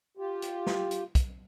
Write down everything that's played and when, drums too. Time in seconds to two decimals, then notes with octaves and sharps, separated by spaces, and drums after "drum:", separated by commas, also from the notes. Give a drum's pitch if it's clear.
0.17 F4 G4
0.42 drum: hi-hat
0.66 drum: snare
0.91 drum: hi-hat
1.15 drum: kick, hi-hat